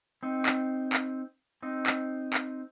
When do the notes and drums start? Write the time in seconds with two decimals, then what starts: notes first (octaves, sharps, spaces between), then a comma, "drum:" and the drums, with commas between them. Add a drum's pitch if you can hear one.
0.23 C4 D#4
0.46 drum: clap
0.93 drum: clap
1.63 C4 D#4
1.87 drum: clap
2.33 drum: clap